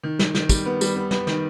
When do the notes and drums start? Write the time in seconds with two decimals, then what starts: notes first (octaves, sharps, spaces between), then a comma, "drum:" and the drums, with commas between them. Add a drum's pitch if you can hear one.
0.03 D#3
0.19 D#3, drum: snare
0.35 D#3, drum: snare
0.49 G3, drum: kick, tambourine
0.66 B3
0.81 G3, drum: tambourine
0.96 B3
1.11 B3, drum: snare
1.27 D#3, drum: snare